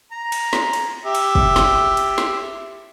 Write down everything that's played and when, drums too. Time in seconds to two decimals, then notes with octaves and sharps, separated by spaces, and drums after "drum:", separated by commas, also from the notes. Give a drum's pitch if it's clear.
0.12 A#5
0.32 drum: cymbal
0.53 drum: snare
0.73 drum: cymbal
1.05 G4 E5
1.15 drum: cymbal
1.35 drum: kick
1.56 drum: snare
1.97 drum: cymbal
2.18 drum: snare